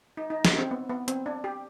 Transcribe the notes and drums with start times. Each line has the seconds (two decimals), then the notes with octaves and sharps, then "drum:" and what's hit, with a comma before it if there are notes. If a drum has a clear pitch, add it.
0.17 D#4
0.30 D#4
0.45 drum: snare
0.58 C4
0.71 B3
0.89 B3
1.08 C4, drum: hi-hat
1.26 D4
1.44 G4